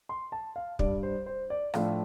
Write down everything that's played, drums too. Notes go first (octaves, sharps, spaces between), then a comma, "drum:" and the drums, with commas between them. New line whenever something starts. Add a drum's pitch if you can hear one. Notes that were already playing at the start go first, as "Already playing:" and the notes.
C6
A5
F5
G2 G3 D4 D5, drum: kick
C5
C5
D5
A2 F3 A3 D4 F5, drum: rim click